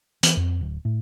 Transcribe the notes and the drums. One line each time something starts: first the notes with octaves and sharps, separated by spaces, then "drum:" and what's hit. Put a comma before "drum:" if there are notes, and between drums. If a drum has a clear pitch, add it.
E3, drum: hi-hat
F2
D1
A2